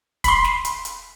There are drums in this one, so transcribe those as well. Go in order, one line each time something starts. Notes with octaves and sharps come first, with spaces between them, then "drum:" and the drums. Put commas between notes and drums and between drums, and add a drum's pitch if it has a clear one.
B5 C6, drum: kick, hi-hat
drum: snare
drum: hi-hat
drum: hi-hat